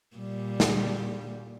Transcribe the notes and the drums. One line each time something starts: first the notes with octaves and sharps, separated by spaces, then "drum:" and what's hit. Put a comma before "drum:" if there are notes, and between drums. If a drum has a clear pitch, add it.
A#2 G3
drum: snare